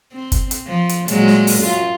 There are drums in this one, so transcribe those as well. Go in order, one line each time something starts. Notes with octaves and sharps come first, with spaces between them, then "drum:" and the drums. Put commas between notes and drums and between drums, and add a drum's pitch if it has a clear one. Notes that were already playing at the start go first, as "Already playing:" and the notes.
C4
drum: kick, hi-hat
drum: hi-hat
F3
drum: hi-hat
A#2 F#3 G#3, drum: hi-hat
drum: snare
drum: open hi-hat
F#2 F4